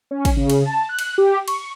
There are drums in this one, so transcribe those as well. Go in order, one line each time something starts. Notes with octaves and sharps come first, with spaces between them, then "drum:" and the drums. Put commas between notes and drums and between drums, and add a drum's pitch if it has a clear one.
C#4
drum: kick, cymbal
C#3
drum: cymbal
A5
F#6
drum: cymbal
G4
C#6, drum: cymbal